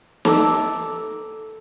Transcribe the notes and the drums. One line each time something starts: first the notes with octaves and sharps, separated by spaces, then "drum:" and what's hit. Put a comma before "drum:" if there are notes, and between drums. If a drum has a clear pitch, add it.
A4 A5 A#5 D6 E6, drum: snare